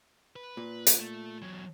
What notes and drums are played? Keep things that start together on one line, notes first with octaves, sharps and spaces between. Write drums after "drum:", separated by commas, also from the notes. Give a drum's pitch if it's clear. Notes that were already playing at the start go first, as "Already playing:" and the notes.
B4
A#2
drum: hi-hat
A3
E2 F#3